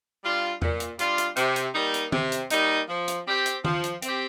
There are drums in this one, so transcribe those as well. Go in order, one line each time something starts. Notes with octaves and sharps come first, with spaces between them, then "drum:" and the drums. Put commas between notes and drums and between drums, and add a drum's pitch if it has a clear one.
G3 D4 F4
A#2, drum: tom E2
drum: hi-hat
G3 D4 F4, drum: hi-hat
drum: hi-hat
C3, drum: hi-hat
drum: hi-hat
G3 A#3 D#4
drum: hi-hat
C3, drum: tom
drum: hi-hat
G3 A#3 D#4, drum: hi-hat
F3
drum: hi-hat
C4 G4
drum: hi-hat
F3, drum: tom
drum: hi-hat
C4, drum: hi-hat
G4